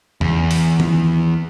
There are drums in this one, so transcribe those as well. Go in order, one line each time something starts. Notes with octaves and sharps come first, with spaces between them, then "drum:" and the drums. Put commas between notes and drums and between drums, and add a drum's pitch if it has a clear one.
E2, drum: tom E2
drum: open hi-hat
drum: tom D#3